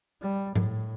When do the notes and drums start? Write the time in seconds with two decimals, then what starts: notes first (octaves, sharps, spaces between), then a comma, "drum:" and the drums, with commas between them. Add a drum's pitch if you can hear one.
0.21 G3
0.55 A2, drum: tom G#2